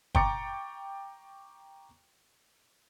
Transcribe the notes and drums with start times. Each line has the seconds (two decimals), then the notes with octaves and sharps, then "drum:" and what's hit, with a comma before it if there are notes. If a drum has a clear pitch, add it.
0.15 G5 A#5 C#6 D6 A6 C#7, drum: kick